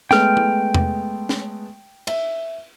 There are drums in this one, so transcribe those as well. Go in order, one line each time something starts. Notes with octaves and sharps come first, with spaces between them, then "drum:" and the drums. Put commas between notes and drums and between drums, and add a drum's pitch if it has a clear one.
G#3 A3 B3 G5 F6, drum: snare
drum: tom G#3
drum: tom E2
drum: snare
E5, drum: cymbal